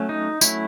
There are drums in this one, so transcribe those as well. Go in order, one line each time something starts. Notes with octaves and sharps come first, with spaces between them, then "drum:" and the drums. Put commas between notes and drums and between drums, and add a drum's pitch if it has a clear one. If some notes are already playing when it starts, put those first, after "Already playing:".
Already playing: F#3 A3 C#4
D#4
F#3 A3 C#4 E4, drum: tambourine